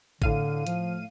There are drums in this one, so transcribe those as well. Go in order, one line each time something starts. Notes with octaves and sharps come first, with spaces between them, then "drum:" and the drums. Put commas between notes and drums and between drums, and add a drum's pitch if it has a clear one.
A2 D3 F5 D#7, drum: kick A1
F3, drum: hi-hat